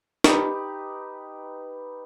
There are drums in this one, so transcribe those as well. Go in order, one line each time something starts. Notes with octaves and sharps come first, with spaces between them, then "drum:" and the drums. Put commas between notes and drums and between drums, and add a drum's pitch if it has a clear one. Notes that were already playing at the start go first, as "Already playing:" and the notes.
D#4 G4 B4, drum: snare